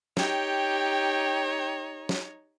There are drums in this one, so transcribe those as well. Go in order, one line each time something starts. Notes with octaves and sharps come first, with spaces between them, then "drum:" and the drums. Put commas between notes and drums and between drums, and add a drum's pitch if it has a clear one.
D#4 G4 C#5 G5, drum: snare
drum: snare